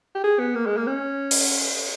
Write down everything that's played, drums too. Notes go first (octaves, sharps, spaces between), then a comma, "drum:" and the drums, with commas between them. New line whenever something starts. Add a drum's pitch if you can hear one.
G4
G#4
B3
A#3
G#3
A#3
C#4
drum: open hi-hat